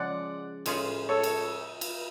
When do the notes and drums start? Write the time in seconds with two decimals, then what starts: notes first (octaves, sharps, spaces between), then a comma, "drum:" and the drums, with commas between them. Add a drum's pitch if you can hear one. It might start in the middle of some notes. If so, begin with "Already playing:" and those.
Already playing: C#3 F3 G#3 D5 F#5
0.66 A2 G#3 C#4 F4 G#4, drum: cymbal
1.09 A4 C#5
1.23 drum: cymbal
1.81 drum: cymbal